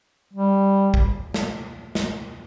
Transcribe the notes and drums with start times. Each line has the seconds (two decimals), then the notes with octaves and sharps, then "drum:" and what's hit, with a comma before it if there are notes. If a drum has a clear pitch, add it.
0.33 G3
0.94 drum: kick
1.34 drum: snare
1.95 drum: snare